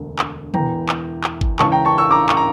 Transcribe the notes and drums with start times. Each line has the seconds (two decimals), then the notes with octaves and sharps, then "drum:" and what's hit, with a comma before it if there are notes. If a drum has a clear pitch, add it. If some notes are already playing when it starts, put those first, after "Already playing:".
Already playing: E1 D2 D3
0.19 drum: clap
0.54 E1 E2 E3 G5 A#5, drum: tom
0.89 drum: clap
1.24 drum: clap
1.41 drum: kick
1.59 C#2 C#3 E3 A5 C#6, drum: clap
1.72 G5 A#5
1.85 A5 C#6
1.98 C#6 E6
2.11 A#5 D6
2.29 C#6, drum: clap
2.37 A#5